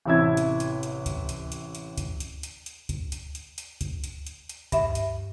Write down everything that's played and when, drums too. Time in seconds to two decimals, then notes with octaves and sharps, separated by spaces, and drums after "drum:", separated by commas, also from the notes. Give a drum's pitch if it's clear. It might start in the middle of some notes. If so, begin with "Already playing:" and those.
0.06 A1 C3 E4 E6 G#6
0.37 drum: hi-hat
0.60 drum: hi-hat
0.83 drum: hi-hat
1.06 drum: kick C#2, hi-hat
1.29 drum: hi-hat
1.52 drum: hi-hat
1.75 drum: hi-hat
1.98 drum: kick C#2, hi-hat
2.20 drum: hi-hat
2.43 drum: hi-hat
2.66 drum: hi-hat
2.89 drum: kick C#2, hi-hat
3.12 drum: hi-hat
3.35 drum: hi-hat
3.58 drum: hi-hat
3.81 drum: kick C#2, hi-hat
4.04 drum: hi-hat
4.27 drum: hi-hat
4.49 drum: hi-hat
4.72 G2 E5, drum: kick C#2, hi-hat
4.95 drum: hi-hat